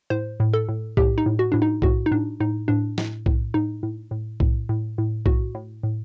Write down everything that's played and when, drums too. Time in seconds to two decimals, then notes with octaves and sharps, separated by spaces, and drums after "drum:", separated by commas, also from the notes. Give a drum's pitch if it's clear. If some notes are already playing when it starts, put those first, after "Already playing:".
0.10 A2 C5
0.40 A2
0.54 A4
0.69 A2
0.97 A2 G4, drum: kick B1
1.18 D#4
1.26 A2
1.39 F#4
1.52 A2 D4
1.62 D#4
1.82 A2 F#4, drum: kick B1
2.06 D#4
2.11 A2 D4
2.40 A2 D#4
2.68 A2 D4
2.98 A2, drum: snare
3.26 A2, drum: kick B1
3.54 A2 D#4
3.83 A2
4.11 A2
4.40 A2, drum: kick B1
4.69 A2
4.98 A2
5.26 A2 F#4, drum: kick B1
5.55 A2
5.83 A2